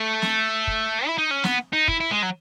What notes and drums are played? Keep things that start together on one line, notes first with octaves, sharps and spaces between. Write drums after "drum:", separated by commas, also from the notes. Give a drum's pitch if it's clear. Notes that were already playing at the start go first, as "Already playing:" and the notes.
Already playing: A3
drum: snare
drum: kick
E4
D#4
C#4
B3, drum: snare
D#4
E4, drum: kick
E4
G#3
F#3